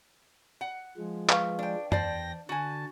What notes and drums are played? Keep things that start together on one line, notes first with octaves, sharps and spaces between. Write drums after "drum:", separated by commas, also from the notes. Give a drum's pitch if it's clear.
F#5
F3 G#3
B4 F5 C#6, drum: clap
D4 G5
E2 C5 D5 G5 A5 A#6, drum: tom F#2
D3 F#4 G#5 A5